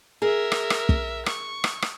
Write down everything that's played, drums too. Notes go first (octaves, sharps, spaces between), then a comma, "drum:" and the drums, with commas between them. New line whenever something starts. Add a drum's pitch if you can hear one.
G#4 A#4 E5
drum: rim click
drum: rim click
drum: kick
C#6, drum: rim click
drum: rim click
drum: rim click